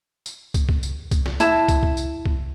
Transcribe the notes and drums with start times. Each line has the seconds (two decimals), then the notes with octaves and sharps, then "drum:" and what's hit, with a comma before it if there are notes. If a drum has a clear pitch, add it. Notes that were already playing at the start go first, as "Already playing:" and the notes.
0.26 drum: tambourine
0.54 drum: kick, tambourine
0.69 drum: kick
0.83 drum: tambourine
1.11 drum: kick, tambourine
1.26 drum: snare
1.40 E4 A5, drum: tambourine
1.68 drum: kick, tambourine
1.83 drum: kick
1.97 drum: tambourine
2.26 drum: kick